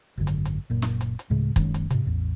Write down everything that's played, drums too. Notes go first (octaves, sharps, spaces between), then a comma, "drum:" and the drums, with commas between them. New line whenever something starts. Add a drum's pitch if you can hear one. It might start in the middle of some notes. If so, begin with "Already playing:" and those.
G#1 F#2 B2 D3
drum: hi-hat
drum: hi-hat
F#1 A#2
drum: snare
drum: hi-hat
drum: hi-hat
D2 A2 C#3 G#3
F#1 D#3 G#3 C#4, drum: kick, hi-hat
drum: hi-hat
G#2 C3, drum: hi-hat
A1 E2